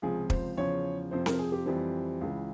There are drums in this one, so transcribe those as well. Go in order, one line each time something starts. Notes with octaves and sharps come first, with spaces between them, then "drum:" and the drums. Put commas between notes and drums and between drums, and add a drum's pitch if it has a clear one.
C#2 C3 F3 G#4
C5, drum: kick
E2 C#3 F3 C#5
F2 C3 F3 C4 C5
A#4, drum: snare C4
G#4
G4
F2 E3 G3 C4
C#2 C#3 E3